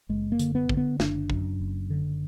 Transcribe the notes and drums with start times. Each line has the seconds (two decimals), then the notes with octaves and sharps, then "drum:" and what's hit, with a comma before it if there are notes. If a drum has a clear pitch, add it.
0.09 F#1 G#3
0.32 A#3
0.39 D3, drum: hi-hat
0.55 B3
0.69 D3, drum: kick
0.77 B3
1.00 F#1 D4, drum: snare
1.30 F#2, drum: kick
1.60 F#1
1.90 D3